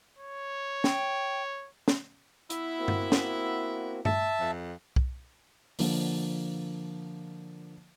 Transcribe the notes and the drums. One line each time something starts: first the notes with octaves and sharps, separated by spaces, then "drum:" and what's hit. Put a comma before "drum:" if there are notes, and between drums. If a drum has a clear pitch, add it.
C#5
G5, drum: snare
drum: snare
B3 E4, drum: hi-hat
A#3 C4 F#4
drum: tom G2
drum: snare
E5 A5, drum: tom G2
F2
drum: kick
D3 F3 A#3, drum: open hi-hat